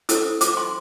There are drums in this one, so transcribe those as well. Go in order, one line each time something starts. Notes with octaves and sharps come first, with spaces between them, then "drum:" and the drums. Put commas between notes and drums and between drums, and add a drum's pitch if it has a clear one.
E4 A4 C5 E6, drum: hi-hat
F4 C5 D6, drum: hi-hat
C6